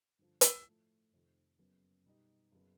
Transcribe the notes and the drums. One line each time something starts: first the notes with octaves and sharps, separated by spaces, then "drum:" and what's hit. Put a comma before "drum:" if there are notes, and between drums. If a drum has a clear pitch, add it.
G2 D3 F3
drum: hi-hat
A2 F3 A3
F1 F2 C3 D#3
F#1 F#2 C#3 F#3 B3
B2 G3 B3 D#4
F#1 C#3 F#3 B3